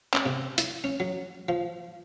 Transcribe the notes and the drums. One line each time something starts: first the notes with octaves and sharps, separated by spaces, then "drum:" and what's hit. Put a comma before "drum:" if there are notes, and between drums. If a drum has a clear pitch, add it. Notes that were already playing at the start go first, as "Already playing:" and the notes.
C#4, drum: clap
C3
E4, drum: hi-hat
C#4
F#3
F3